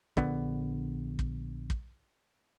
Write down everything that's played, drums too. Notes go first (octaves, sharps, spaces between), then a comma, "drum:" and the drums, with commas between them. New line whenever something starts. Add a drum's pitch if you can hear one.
A#1 D3 B3, drum: kick
drum: kick
drum: kick